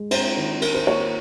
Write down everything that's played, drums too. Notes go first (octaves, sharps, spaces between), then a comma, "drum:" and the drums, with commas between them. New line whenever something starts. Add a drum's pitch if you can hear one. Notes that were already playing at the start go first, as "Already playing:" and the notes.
Already playing: G#3
C4 C5, drum: cymbal
D#3
D#4 A#4, drum: cymbal
C5
A#3 C#5
C5